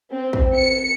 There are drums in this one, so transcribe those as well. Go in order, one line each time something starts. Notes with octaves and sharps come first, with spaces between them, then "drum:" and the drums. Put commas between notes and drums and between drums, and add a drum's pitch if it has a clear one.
C4
drum: kick
C#7